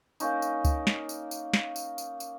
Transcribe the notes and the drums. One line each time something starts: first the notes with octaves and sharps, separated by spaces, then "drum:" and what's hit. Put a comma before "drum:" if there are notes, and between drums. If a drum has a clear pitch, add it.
A#3 C#4 D#4, drum: tambourine
drum: tambourine
drum: kick C#2, tambourine
drum: snare
drum: tambourine
drum: tambourine
drum: snare
drum: tambourine
drum: tambourine
drum: tambourine